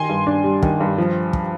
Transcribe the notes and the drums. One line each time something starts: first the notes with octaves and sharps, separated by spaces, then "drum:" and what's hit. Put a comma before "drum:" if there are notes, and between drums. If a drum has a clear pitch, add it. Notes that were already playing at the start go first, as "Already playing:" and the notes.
Already playing: D#3 G#5 C6
G2
D4
G3
D#3, drum: kick
G2
F3
drum: kick